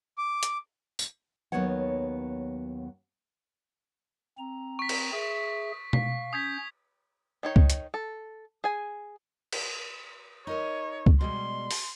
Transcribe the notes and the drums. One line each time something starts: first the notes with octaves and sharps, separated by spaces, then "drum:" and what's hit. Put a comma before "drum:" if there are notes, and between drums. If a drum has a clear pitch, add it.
D6
drum: hi-hat
drum: tambourine
D#2 F#3 B3 D#4 C#5 F#5
C4 A#5
C#6 B6
drum: cymbal
G#4 E5
F5 B6, drum: tom B2
C#4 D#6 G6 G#6 B6
D#3 D#4 C#5
drum: kick C#2
drum: hi-hat
A4
G#4 G#5
drum: cymbal
D#4 A#4 C#5 D#5
drum: kick C#2
B2 G3 G#3 C6
drum: open hi-hat